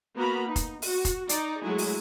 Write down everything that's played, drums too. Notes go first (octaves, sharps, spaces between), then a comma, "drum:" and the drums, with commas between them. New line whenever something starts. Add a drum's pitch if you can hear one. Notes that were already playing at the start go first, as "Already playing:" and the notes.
A#3 B3 F#4 A#5 B5
D#4
drum: kick F1, hi-hat
F#4, drum: open hi-hat
drum: kick F1, hi-hat
D#4 D5, drum: hi-hat
F#3 G#3 A3 E4 G#4
drum: open hi-hat